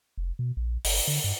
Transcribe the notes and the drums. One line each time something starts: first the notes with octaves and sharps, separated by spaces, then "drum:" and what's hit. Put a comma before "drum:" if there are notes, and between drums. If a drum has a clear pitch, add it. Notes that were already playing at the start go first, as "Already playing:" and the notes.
F1
B2
A#1
G1, drum: open hi-hat
D3
G2